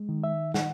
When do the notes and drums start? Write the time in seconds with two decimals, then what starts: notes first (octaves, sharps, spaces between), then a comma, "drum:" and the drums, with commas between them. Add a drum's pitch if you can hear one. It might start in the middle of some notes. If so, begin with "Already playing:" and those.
Already playing: G#3
0.09 D#3
0.24 E5
0.54 F#5, drum: snare